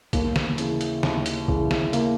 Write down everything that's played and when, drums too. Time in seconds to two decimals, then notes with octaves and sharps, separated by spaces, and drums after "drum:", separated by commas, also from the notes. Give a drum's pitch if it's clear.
0.13 D#2 A#3, drum: kick, hi-hat
0.36 drum: snare
0.58 C#3 E3, drum: hi-hat
0.81 drum: hi-hat
1.03 D#2, drum: snare
1.26 drum: hi-hat
1.48 C#3 E3, drum: kick
1.71 drum: snare
1.93 A#3, drum: hi-hat